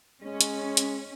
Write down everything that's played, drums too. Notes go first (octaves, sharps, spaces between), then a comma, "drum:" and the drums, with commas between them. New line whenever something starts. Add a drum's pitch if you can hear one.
G#3 C#4
drum: hi-hat
drum: hi-hat